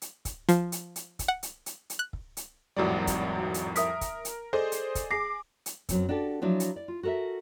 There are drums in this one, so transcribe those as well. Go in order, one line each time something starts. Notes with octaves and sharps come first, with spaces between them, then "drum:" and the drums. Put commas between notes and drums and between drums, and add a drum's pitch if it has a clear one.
drum: hi-hat
drum: kick, hi-hat
F3, drum: hi-hat
drum: hi-hat
drum: hi-hat
drum: kick, hi-hat
F#5
drum: hi-hat
drum: hi-hat
drum: hi-hat
F#6
drum: kick
drum: hi-hat
G#1 F2 A2 F#3 G3 D5
drum: kick, hi-hat
drum: hi-hat
A#4 E5 D#6 B6, drum: hi-hat
drum: kick, hi-hat
drum: hi-hat
G#4 A4 C5 D5 D#5
drum: hi-hat
drum: kick, hi-hat
G#4 D6 A#6 C7
drum: hi-hat
F#2 F#3 C4, drum: kick, hi-hat
D4 F#4 G4 A4
F3 F#3 D4 E4 F4
drum: hi-hat
D5
F4
F#4 A4 A#4 D#5 E5